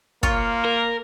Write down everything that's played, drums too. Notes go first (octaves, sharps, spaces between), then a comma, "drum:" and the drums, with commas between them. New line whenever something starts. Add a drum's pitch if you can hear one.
A#3 F4 C#5, drum: kick
A#4